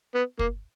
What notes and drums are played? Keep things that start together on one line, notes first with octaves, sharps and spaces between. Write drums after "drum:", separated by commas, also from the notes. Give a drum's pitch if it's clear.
B3
A#3, drum: kick